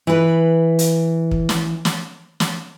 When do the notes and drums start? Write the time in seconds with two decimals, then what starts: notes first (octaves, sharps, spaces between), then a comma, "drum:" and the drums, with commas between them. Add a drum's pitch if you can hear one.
0.07 E3 B4
0.79 drum: hi-hat
1.31 drum: kick
1.49 drum: snare
1.85 drum: snare
2.40 drum: snare